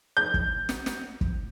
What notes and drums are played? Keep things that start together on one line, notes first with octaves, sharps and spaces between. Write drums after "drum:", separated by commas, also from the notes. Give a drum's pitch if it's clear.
G6
drum: kick
drum: snare
drum: snare
drum: kick